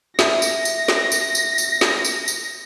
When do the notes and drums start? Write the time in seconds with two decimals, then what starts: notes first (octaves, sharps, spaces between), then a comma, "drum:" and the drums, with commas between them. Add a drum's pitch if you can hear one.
0.19 E5 A#6, drum: snare
0.42 drum: tambourine
0.65 drum: tambourine
0.88 drum: snare
1.12 drum: tambourine
1.35 drum: tambourine
1.58 drum: tambourine
1.81 drum: snare
2.05 drum: tambourine
2.28 drum: tambourine